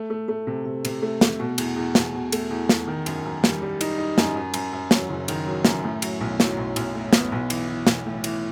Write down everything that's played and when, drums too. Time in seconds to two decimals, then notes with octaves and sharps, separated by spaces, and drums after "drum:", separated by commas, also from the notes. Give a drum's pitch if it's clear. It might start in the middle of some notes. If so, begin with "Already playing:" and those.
Already playing: A3
0.10 A3
0.28 A3
0.47 C3
0.65 C3
0.85 C3, drum: cymbal
1.02 A3
1.21 A3, drum: snare
1.39 B2
1.58 E2, drum: cymbal
1.76 E2
1.95 B2, drum: snare
2.14 B2
2.32 A3, drum: cymbal
2.50 E2
2.69 E2, drum: snare
2.88 D#3
3.06 F#2, drum: cymbal
3.25 F#2
3.44 G3, drum: snare
3.62 G3
3.81 D#4, drum: cymbal
3.98 D#4
4.18 F#2, drum: snare
4.36 F#2
4.54 F#2, drum: cymbal
4.73 F#2
4.91 F#3, drum: snare
5.09 F#1
5.28 D#3, drum: cymbal
5.47 F#3
5.65 F#2, drum: snare
5.84 A2
6.02 F#3, drum: cymbal
6.21 B1
6.40 F#3, drum: snare
6.58 B1
6.76 B1, drum: cymbal
6.95 A2
7.13 B3, drum: snare
7.32 B1
7.50 E3, drum: cymbal
7.68 E3
7.87 B1, drum: snare
8.06 A2
8.24 E3, drum: cymbal